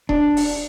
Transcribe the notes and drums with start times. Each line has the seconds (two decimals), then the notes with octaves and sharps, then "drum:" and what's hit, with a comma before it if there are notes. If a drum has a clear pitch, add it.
0.09 D4, drum: kick D#1
0.37 drum: open hi-hat